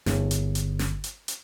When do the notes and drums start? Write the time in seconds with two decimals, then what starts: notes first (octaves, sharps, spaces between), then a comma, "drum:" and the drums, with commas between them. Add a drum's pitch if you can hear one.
0.06 G1, drum: snare
0.31 drum: hi-hat
0.55 drum: hi-hat
0.79 drum: snare
1.04 drum: hi-hat
1.28 drum: hi-hat